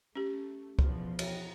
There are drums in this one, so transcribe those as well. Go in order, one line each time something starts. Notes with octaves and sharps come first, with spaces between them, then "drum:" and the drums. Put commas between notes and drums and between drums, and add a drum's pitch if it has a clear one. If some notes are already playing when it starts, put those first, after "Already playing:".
A3 C#4 G4
E2 B2 F3, drum: kick
drum: cymbal